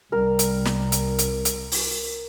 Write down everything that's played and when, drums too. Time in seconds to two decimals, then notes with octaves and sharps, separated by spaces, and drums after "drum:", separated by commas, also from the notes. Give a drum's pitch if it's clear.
0.12 C2 G3 A#4
0.39 drum: hi-hat
0.65 drum: snare
0.92 drum: hi-hat
1.18 drum: hi-hat
1.45 drum: hi-hat
1.72 drum: open hi-hat